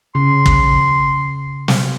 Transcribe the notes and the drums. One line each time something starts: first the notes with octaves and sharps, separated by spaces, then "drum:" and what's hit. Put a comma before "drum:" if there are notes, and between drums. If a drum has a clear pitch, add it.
C#3 C6
drum: kick
drum: snare